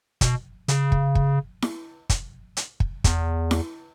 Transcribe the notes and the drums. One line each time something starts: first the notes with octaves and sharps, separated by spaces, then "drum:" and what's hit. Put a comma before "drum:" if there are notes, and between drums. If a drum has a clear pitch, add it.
B2, drum: kick, hi-hat
C#3, drum: hi-hat
drum: kick
drum: kick
drum: snare E4
drum: kick, hi-hat
drum: hi-hat
drum: kick
E2, drum: kick, hi-hat
drum: snare E4